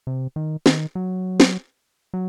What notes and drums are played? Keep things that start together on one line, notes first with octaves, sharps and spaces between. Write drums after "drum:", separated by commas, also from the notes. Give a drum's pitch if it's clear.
C3
D#3
D#3, drum: snare
F#3
drum: snare
F#3